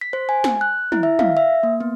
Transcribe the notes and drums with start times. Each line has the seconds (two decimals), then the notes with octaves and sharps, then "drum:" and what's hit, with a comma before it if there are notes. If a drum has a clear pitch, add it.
0.01 B6
0.13 C5
0.29 G#5
0.44 drum: snare
0.61 F#6
0.92 E4, drum: tom
1.03 E5
1.19 F5, drum: tom
1.37 E5
1.63 A#3
1.80 B3